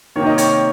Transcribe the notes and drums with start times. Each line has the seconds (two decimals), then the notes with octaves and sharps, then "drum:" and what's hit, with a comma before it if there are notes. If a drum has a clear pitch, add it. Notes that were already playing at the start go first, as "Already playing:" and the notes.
0.16 C3 D#3 A#3 C#5
0.27 D#5
0.38 C#5, drum: hi-hat